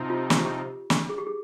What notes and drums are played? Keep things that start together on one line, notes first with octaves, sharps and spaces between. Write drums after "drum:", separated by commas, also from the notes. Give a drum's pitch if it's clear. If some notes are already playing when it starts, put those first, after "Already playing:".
Already playing: C3 F3 C4 D#4
F4
G4, drum: snare
F4
G4
drum: snare
G#4
G4
G#4